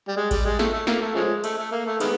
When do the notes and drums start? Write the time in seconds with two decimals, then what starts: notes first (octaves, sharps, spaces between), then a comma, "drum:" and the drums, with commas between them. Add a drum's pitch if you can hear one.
0.08 G3
0.17 G#3
0.31 G3, drum: kick A1, cymbal
0.45 G#3
0.59 A3, drum: snare
0.73 A3
0.87 A#3, drum: snare
1.01 A3
1.15 C#3 F3 G#3
1.44 A3, drum: cymbal
1.58 A3
1.72 A#3
1.86 A3
2.00 D#3 G#3 B3, drum: cymbal